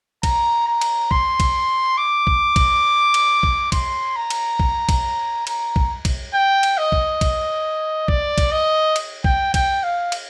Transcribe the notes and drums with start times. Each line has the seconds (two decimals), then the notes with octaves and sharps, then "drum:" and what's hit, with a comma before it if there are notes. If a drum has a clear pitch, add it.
0.23 A#5, drum: kick, cymbal
0.67 A#5
0.81 drum: cymbal
1.11 C6, drum: kick
1.40 drum: kick, cymbal
1.98 D6
2.27 drum: kick
2.56 drum: kick, cymbal
3.14 drum: cymbal
3.43 drum: kick
3.72 C6, drum: kick, cymbal
4.16 A#5
4.30 drum: cymbal
4.60 drum: kick
4.89 drum: kick, cymbal
5.47 A#5, drum: cymbal
5.76 drum: kick
6.05 drum: kick, cymbal
6.34 G5
6.63 drum: cymbal
6.78 D#5
6.92 drum: kick
7.21 drum: kick, cymbal
8.08 D5, drum: kick
8.38 drum: kick, cymbal
8.52 D#5
8.96 drum: cymbal
9.24 G5, drum: kick
9.54 G5, drum: kick, cymbal
9.83 F5
10.12 drum: cymbal